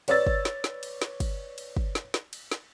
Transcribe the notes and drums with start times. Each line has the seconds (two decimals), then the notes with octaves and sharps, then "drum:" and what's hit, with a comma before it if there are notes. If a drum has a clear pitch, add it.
0.08 B4 C#5 D5 E6 A6, drum: cymbal
0.27 drum: kick
0.45 drum: snare
0.64 drum: snare
0.83 drum: cymbal
1.02 drum: snare
1.20 drum: kick, cymbal
1.58 drum: cymbal
1.77 drum: kick
1.95 drum: snare
2.14 drum: snare
2.33 drum: cymbal
2.52 drum: snare